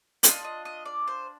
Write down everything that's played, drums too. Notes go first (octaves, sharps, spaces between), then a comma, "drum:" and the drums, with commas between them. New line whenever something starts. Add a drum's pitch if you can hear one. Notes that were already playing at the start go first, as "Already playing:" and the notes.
D4 F4 G#4 D#5, drum: hi-hat
D#5
D#5
D5
C5